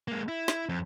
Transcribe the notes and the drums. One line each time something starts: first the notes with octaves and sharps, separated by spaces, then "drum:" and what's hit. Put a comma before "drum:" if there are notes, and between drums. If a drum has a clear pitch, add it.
G#3 A#3
E4
drum: snare
F2